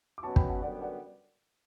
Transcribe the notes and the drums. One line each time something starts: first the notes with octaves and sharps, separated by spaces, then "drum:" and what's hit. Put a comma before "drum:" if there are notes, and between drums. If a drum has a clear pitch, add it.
D6
B2 F#3 C#4 F#4 B4 A5 C#6
G5 B5, drum: kick
F#5 A5
F#2 D3 G3 B3 D5 F#5
D5 F#5